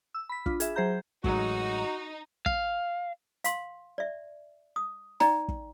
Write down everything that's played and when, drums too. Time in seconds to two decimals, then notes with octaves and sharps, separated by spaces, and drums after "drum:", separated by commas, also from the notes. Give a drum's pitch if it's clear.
0.14 E6
0.29 B5 B6
0.46 D4 F4, drum: kick
0.60 G#4 E5, drum: hi-hat
0.76 F#3 G#4 C5 E5 A#5 G6
1.24 A1 F#3 G#3 D#4 F#4, drum: kick
2.46 F5, drum: kick
3.44 F5 C6, drum: hi-hat
3.98 D5 E5
4.76 D#6
5.20 D#4 D5 G5 A#5, drum: snare
5.48 drum: kick